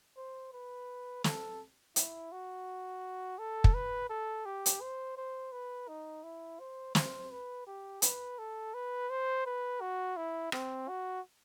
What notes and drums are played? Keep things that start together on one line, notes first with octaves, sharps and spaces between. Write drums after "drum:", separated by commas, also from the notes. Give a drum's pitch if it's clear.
C5
B4
A4, drum: snare
E4, drum: hi-hat
F#4
A4
drum: kick
B4
A4
G4
drum: hi-hat
C5
C5
B4
D#4
E4
C5
C5, drum: snare
B4
G4
B4, drum: hi-hat
A4
B4
C5
B4
F#4
E4
C4, drum: rim click
F#4